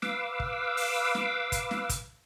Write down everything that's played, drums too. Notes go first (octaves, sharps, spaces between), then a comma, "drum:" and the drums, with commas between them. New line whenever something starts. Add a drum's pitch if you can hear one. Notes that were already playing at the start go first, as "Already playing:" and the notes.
B4 F5 D6 E6, drum: snare
drum: kick
drum: open hi-hat
drum: snare
drum: kick, hi-hat
drum: snare
drum: kick, hi-hat